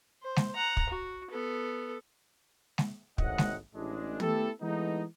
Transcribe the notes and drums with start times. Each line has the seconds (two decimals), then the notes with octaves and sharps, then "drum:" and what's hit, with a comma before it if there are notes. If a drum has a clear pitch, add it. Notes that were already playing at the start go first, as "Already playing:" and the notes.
0.22 C5
0.36 drum: snare G#3
0.55 F#5 A#5
0.77 drum: kick
0.89 F#4
1.30 B3 A4
2.78 drum: snare G#3
3.18 G#1 A2 D#5 F#5, drum: kick
3.38 drum: snare G#3
3.74 A1 A2 G#3 D4
4.20 A3 B3 E4 G4 A4, drum: tom
4.61 E3 G#3 A3 B3 D#4